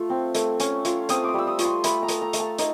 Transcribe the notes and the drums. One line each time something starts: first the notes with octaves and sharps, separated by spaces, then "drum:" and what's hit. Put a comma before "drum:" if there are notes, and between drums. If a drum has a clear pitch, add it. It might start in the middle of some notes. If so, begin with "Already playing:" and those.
Already playing: A3 F4
C4
A3, drum: hi-hat
C#4, drum: hi-hat
F4, drum: hi-hat
C4 D#6, drum: hi-hat
D6 D#6
G3 E6
D#6
F4 C#6, drum: hi-hat
C6
A3 B5, drum: hi-hat
A#5
A3, drum: hi-hat
A#5
A3, drum: hi-hat
A5
D#4, drum: hi-hat